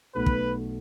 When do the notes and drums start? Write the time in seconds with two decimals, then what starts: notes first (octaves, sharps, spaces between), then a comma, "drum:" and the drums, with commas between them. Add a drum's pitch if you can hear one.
0.15 B1 B2 A3 B4
0.26 drum: kick